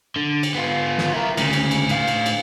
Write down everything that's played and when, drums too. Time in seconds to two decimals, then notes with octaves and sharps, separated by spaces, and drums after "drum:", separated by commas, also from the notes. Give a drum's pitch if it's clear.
0.16 D3
0.43 drum: cymbal
0.55 B3 F4
0.98 drum: snare
1.13 E4 A#4
1.37 D2 C#3, drum: cymbal
1.53 drum: cymbal
1.71 drum: cymbal
1.89 A2 F5, drum: cymbal
2.08 drum: cymbal
2.26 drum: cymbal